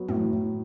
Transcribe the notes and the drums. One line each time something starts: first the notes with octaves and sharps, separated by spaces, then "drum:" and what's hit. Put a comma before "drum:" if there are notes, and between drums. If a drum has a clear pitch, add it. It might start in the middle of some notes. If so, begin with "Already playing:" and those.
Already playing: F#3 B3
A2, drum: tom
A2